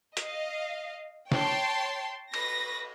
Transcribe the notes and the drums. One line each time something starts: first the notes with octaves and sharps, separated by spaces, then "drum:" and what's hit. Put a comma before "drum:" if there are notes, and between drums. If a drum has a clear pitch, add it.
D#5 F5, drum: hi-hat
C#5 G5 A5 C6, drum: snare
B4 A#6, drum: cymbal